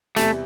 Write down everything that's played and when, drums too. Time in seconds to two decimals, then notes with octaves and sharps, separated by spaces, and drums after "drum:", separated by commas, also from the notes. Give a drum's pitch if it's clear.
0.16 E2 C3 E3 G3 A3, drum: hi-hat